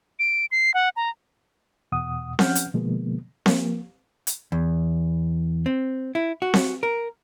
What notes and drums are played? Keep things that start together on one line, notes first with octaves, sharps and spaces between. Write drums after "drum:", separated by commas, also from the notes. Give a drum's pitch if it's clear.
D7
C7
F#5
A#5
E2 B2 F#5 D#6
F3 C#4 F#5 F6 G6, drum: snare C4
drum: hi-hat
B2 D3 F3 G#3 A#3 B3
F3 A#3, drum: snare C4
drum: hi-hat
E2
C4
E4
F#4
drum: snare C4
A#4